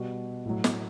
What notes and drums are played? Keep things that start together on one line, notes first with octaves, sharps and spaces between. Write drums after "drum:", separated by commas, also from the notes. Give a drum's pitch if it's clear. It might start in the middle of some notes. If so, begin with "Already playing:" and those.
Already playing: B2 G3 F#4
A2 F#3
drum: snare